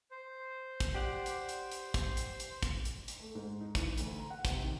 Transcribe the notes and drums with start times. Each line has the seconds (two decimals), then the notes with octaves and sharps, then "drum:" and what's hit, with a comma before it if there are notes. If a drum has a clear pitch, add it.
0.11 C5
0.80 drum: kick, hi-hat
0.94 G4 D5 F#5
1.26 drum: hi-hat
1.49 drum: hi-hat
1.71 drum: hi-hat
1.94 drum: kick, hi-hat
2.17 drum: hi-hat
2.40 drum: hi-hat
2.63 drum: kick, hi-hat
2.85 drum: hi-hat
3.08 drum: hi-hat
3.20 A3
3.35 G#2
3.61 D#4
3.75 E3, drum: kick, hi-hat
3.97 D2, drum: hi-hat
4.17 A#5
4.30 F#5
4.45 C3, drum: kick, hi-hat
4.64 D#3